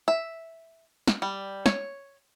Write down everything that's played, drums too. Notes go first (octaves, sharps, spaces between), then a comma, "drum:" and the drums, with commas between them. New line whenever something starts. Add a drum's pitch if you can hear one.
E5
drum: snare
G3
C#5, drum: snare